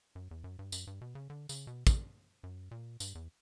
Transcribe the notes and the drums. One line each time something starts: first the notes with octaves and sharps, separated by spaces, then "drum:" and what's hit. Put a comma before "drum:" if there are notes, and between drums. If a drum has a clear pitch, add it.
F#2
E2
F#2
G2
F#2, drum: tambourine
G2
B2
C#3
D3
C#3, drum: tambourine
B2
drum: kick, tambourine
F#2
A#2
G2, drum: tambourine
E2